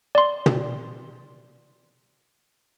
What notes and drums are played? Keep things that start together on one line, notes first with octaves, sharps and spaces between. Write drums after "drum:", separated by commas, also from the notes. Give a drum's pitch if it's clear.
D5 C6
drum: tom